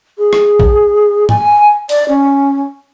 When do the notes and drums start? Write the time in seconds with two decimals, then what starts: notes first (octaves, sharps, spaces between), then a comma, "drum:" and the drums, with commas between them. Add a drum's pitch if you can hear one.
0.18 G#4
0.33 drum: rim click
0.60 drum: kick
1.29 G#5, drum: tom G#2
1.89 D5, drum: open hi-hat
2.08 C#4